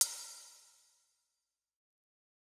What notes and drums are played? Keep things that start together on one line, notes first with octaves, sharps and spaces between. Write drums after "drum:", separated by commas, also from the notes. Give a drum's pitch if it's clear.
G1 C#4, drum: hi-hat